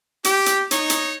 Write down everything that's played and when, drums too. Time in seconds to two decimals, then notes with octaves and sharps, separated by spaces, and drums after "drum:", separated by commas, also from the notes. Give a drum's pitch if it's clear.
0.24 G4, drum: hi-hat
0.46 drum: hi-hat
0.71 D#4 C#5, drum: hi-hat
0.90 drum: hi-hat